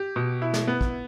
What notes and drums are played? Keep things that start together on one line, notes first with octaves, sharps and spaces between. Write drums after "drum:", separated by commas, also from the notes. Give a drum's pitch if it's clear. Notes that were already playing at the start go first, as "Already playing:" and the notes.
Already playing: G4
B2
E4
drum: snare
B3
drum: kick